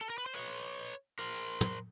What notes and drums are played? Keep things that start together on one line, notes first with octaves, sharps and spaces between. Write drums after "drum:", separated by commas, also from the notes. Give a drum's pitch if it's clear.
A4
A#4
B4
C5
B4 C#5
A#4 C5
drum: tom